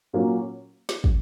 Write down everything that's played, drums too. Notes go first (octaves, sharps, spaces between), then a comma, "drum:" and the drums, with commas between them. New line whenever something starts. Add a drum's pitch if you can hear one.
A#2 F#3 A#3 C#4
drum: snare
drum: kick